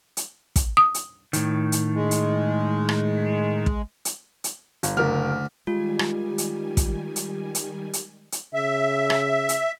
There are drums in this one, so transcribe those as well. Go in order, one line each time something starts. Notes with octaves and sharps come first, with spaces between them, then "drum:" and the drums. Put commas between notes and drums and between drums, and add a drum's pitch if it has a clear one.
drum: hi-hat
drum: kick, hi-hat
D#6
drum: hi-hat
A2 D#3, drum: hi-hat
drum: hi-hat
G#3
drum: hi-hat
drum: rim click
drum: kick
drum: hi-hat
drum: hi-hat
G1, drum: hi-hat
F#1 D2 A#4 F6
D#3 G3 G#3 F4 G4 G#5
drum: rim click
drum: hi-hat
drum: kick, hi-hat
drum: hi-hat
drum: hi-hat
drum: hi-hat
drum: hi-hat
C#3 E5
drum: rim click
drum: hi-hat